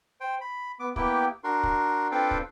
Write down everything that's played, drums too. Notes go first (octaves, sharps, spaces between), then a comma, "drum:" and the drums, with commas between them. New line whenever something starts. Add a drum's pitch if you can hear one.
C5 G5
B5
B3 D6
A#3 B3 E4 G4 G5, drum: kick
D4 F#4 A#4 C6
drum: kick
C4 D4 F4 A4 B4 G5
drum: kick